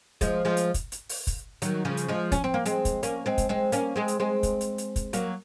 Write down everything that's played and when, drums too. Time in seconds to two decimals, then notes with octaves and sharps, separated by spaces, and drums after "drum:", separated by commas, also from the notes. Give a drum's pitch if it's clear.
0.21 F3 G#3, drum: kick, hi-hat
0.45 F3 G#3
0.57 drum: hi-hat
0.74 drum: kick, hi-hat
0.92 drum: hi-hat
1.09 drum: open hi-hat
1.27 drum: kick, hi-hat
1.62 D#3 F#3, drum: hi-hat
1.85 C#3 F3
1.97 drum: hi-hat
2.08 F3 G#3
2.32 C#4, drum: kick, hi-hat
2.44 C4
2.54 A#3
2.66 G#3 C4, drum: hi-hat
2.85 drum: kick, hi-hat
3.03 A#3 C#4, drum: hi-hat
3.26 G#3 C4
3.38 drum: kick, hi-hat
3.49 G#3 C4
3.72 A#3 C#4, drum: hi-hat
3.96 G#3 C4
4.08 drum: hi-hat
4.20 G#3 C4
4.43 drum: kick, hi-hat
4.61 drum: hi-hat
4.78 drum: hi-hat
4.96 drum: kick, hi-hat
5.13 F#3 A#3, drum: hi-hat